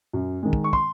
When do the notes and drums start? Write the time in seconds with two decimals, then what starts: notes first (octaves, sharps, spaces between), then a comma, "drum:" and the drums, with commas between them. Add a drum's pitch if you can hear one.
0.13 F#2
0.43 D#3 G#3
0.53 drum: kick
0.64 C#6
0.73 C6, drum: kick